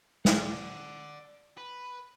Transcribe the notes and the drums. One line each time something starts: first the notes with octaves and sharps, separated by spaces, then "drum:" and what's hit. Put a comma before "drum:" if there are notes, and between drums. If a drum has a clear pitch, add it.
D5 F#5, drum: snare
B4